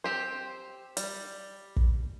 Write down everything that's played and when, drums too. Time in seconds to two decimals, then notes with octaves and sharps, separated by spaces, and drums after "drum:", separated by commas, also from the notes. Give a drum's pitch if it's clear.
0.04 C4 G4 C5
0.97 G3, drum: hi-hat
1.76 drum: kick